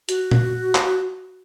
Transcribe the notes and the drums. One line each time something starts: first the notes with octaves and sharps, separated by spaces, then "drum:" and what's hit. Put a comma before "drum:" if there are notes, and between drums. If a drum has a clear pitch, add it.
F#4, drum: hi-hat
drum: tom A#2
drum: clap